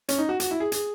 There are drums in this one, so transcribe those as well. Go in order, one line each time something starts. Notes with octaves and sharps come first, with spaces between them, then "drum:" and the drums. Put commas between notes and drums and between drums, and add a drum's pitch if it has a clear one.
C#4, drum: hi-hat
D#4
F#4
F#4, drum: hi-hat
E4
G#4
G#4, drum: hi-hat